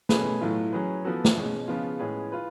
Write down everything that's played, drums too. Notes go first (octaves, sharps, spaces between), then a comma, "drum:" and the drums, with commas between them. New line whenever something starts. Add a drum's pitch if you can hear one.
B2 A3 C#4 G#4 B4, drum: snare
A2 F#3 A3 F4
F#3 C#4 G#4 B4
F3 B3 F#4 A4
drum: snare
B2 G#3 C#4
C#3 F3 B3 F4
A2 G#3 C#4 G#4 B4
F4 B4